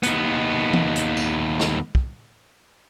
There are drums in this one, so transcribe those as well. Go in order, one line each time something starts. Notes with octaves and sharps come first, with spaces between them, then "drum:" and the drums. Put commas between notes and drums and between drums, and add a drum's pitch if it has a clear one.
D#2 B3, drum: hi-hat
drum: tom E3
drum: hi-hat
drum: tambourine
drum: snare
drum: kick